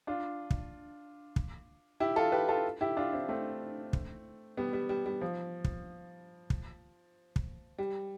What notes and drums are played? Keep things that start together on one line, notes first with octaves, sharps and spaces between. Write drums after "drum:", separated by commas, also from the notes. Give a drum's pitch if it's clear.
D4 F4
drum: kick
drum: kick
E4 G4
F4 A4
G4 B4
F4 A4
E4 G4
D4 F4
C4 E4
A3 C4
drum: kick
G3 B3
G3
G3
G3
F3
drum: kick
drum: kick
drum: kick
G3